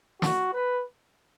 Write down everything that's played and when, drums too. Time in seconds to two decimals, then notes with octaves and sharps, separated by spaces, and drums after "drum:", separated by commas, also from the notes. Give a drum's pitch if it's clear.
0.22 F#4, drum: snare
0.53 B4